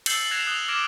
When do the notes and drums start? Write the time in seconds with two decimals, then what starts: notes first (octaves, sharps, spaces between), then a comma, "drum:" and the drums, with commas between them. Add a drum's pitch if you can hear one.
0.06 E6 G6 A6 C7 C#7 F#7, drum: cymbal
0.31 F#6 G#6 A#6 C7 E7 F7
0.47 D#6 F#6 F7 G7
0.68 D6 F6 G#6 A#6 D7 E7